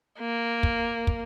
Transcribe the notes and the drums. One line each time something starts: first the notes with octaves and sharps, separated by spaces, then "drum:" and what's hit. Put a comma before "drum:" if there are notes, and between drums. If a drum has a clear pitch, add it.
A#3
drum: kick
drum: kick